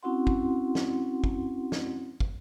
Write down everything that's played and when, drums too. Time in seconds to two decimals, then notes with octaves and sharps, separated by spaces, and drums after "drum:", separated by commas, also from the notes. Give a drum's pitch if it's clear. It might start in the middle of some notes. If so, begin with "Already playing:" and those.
0.03 C4 C#4 E4 F#4 F#5 C6
0.27 drum: kick
0.75 drum: snare
1.24 drum: kick
1.72 drum: snare
2.20 drum: kick